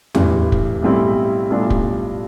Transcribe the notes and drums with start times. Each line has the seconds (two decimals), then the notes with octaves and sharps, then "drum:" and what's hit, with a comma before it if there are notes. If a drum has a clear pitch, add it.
0.15 A1 G2 E3 G3, drum: tom E2
0.52 drum: kick
0.82 B1 A2 G3 C4 E4
1.50 B1 A2 G3 D4 F4
1.70 drum: kick